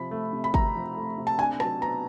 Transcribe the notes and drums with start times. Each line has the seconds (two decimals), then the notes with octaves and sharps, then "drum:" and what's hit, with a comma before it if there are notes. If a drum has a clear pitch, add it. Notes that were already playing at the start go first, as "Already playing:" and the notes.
Already playing: C3 F3 B5
0.11 A3
0.33 C3
0.44 B5
0.54 C3 A#5, drum: kick
0.75 F3
0.96 A3
1.18 C3
1.27 A5
1.39 D4 G#5
1.60 F#3 A5, drum: rim click
1.81 B3 A#5